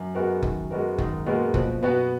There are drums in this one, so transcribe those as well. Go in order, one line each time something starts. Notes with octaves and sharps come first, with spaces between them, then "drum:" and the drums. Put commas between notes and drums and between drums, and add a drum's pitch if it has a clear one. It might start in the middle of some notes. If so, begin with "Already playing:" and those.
Already playing: F#2
G#3 B3 F#4 A#4
D#3, drum: kick F#1
G#3 B3 F#4 A#4
G#2 D#3, drum: kick F#1
A#2 G#3 B3 F#4 A#4
B2 F3, drum: kick F#1
B2 B3 F#4 B4